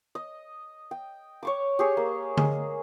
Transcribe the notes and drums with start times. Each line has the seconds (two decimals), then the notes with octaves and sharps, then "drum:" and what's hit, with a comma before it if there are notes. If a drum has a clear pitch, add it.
0.15 D#5
0.91 G5
1.43 C#5 C#6 D6
1.79 G4 G#4 C#5
1.97 A#3
2.37 G#3, drum: tom D3